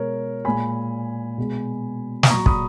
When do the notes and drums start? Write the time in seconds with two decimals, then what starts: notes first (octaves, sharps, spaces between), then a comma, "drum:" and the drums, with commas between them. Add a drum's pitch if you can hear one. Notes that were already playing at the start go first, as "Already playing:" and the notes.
Already playing: B2 G#3 A#4 C#5
0.45 A#2 G#3 G#5 B5
1.38 B2 G#3
2.23 D#6, drum: snare
2.30 A#2 F#3 A#5 C#6
2.46 B5 D#6, drum: kick